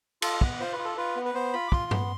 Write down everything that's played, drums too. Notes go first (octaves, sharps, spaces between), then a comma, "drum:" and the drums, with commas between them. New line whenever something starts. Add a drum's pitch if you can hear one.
F4 A4, drum: cymbal
B3 B4, drum: kick
F4 C5
B4
F4
A4
F4 B4
B3
B4
B3 C5
F4 B5
D6
F4 C6, drum: kick
B3, drum: tom G2